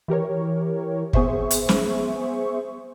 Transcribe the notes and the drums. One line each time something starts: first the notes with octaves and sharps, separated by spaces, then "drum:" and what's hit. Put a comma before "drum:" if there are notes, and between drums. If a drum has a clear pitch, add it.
E3 G4 A#4 C#5
B3 G#4 C5 E5 C#6, drum: kick
drum: hi-hat
drum: snare